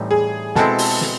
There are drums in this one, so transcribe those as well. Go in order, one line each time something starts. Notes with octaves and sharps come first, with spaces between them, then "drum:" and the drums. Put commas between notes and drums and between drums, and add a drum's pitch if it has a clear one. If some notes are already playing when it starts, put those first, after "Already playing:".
Already playing: A2 E3 G3 C4 D#4
G#4
B2 G#3 C4 E4 A4, drum: snare
drum: open hi-hat
drum: snare